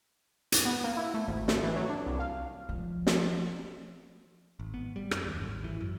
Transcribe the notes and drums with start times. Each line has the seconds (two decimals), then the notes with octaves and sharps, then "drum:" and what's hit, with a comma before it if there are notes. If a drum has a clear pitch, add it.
0.52 D#7, drum: hi-hat
0.65 B3
0.84 A#3
0.97 E4
1.14 A3
1.28 G#1
1.48 A3, drum: snare
1.63 E3
1.76 F#3
1.89 D4
2.06 C2
2.19 F5
2.69 F3
3.07 drum: snare
4.59 G#1
4.74 B3
4.96 G3
5.11 F#2, drum: rim click
5.26 D#2
5.40 G#1
5.64 E3
5.81 F#2